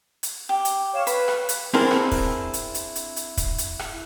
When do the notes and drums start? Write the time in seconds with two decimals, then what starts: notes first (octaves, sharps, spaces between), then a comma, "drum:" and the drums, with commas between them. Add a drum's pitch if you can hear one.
0.23 drum: hi-hat
0.49 G4
0.65 drum: hi-hat
0.93 C#5 F5 E7
1.07 B4 B5, drum: hi-hat
1.28 drum: rim click
1.49 drum: hi-hat
1.74 C4 D4 E4 G#4 A#4 C5
1.91 drum: rim click
2.12 drum: kick, open hi-hat
2.54 drum: hi-hat
2.74 drum: hi-hat
2.95 drum: hi-hat
3.16 drum: hi-hat
3.37 drum: kick, hi-hat
3.58 drum: hi-hat
3.79 drum: rim click